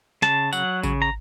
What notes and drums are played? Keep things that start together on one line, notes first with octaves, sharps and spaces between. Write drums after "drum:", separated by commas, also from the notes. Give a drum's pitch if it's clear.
C#3 A5, drum: snare
F#3 F#5, drum: tambourine
C#3, drum: kick A1, tambourine
A#5